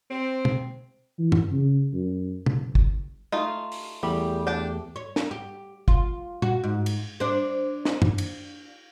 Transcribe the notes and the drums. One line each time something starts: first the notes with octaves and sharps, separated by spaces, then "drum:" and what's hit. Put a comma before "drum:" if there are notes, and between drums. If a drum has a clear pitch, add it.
C4
drum: tom
E3
drum: tom F#2
C#3
F#2
F#1, drum: tom
drum: kick
A3 D#4 F4
drum: open hi-hat
E2 G3 A3 G4
D4 G5 A5
C#5
drum: snare
G4
F4, drum: kick
F#4, drum: tom
G#2
drum: cymbal
D4 C5
drum: snare
drum: tom F#2
drum: cymbal